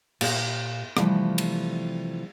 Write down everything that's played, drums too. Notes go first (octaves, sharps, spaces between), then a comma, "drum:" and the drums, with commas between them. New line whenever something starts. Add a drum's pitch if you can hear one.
A#2 A#3 G4, drum: cymbal
C3 E3 F3 G3 A3, drum: rim click
drum: cymbal